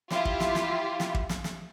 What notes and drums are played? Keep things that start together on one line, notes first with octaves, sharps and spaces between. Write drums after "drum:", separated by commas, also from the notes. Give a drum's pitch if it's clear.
E4 F4 G4, drum: snare
drum: kick
drum: snare
drum: snare
drum: snare
drum: kick
drum: snare
drum: snare